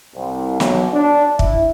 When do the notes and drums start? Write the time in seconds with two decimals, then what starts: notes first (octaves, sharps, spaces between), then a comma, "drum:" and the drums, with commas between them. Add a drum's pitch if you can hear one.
0.16 C2
0.60 B1, drum: snare
0.94 D4
1.39 E4, drum: kick